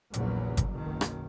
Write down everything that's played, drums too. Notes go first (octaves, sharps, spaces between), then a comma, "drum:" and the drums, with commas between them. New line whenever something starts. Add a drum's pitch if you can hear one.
A#1 E2 C#3 F#3, drum: hi-hat
drum: kick G1, hi-hat
F#1 B1 D#3
drum: rim click